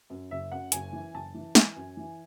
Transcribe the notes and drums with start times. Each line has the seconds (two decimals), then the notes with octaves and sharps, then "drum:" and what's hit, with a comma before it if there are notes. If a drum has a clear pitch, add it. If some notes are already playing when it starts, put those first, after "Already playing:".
0.10 F#2
0.31 F#1 E5
0.52 F#2 F#5
0.72 F#1 G#5, drum: hi-hat
0.93 E3
1.14 F#1 A5
1.34 E3
1.55 E3 G#5, drum: snare
1.76 F#2
1.97 E3